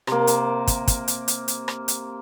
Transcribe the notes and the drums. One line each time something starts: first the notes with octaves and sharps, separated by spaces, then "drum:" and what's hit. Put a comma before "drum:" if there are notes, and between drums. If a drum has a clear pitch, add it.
C3 A#3, drum: rim click
drum: hi-hat
drum: kick, hi-hat
drum: kick, hi-hat
drum: hi-hat
drum: hi-hat
drum: hi-hat
drum: rim click
drum: hi-hat